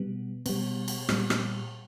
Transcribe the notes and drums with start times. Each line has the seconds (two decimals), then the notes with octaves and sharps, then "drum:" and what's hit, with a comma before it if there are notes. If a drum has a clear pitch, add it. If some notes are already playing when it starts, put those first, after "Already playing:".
Already playing: B2 G3 B3
0.46 B2 G3 B3, drum: cymbal
0.88 drum: cymbal
1.09 A#2 G3 B3, drum: rim click
1.30 drum: rim click